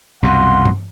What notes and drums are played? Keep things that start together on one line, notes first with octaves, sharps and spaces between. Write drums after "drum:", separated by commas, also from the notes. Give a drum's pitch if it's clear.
C2 F#2 B2 F5 F#5 C6
drum: tom G2